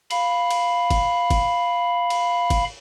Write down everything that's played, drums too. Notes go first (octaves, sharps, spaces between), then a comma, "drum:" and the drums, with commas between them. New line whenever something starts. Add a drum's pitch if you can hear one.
F5 B5, drum: cymbal
drum: cymbal
drum: kick, cymbal
drum: kick, cymbal
drum: cymbal
drum: kick, cymbal